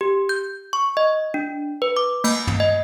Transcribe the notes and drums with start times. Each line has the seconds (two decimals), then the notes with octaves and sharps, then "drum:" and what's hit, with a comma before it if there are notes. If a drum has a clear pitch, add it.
0.01 G4
0.29 G6
0.73 C#6
0.97 D#5
1.34 D4
1.82 B4
1.97 D6
2.24 A#3, drum: cymbal
2.47 drum: tom
2.60 D#5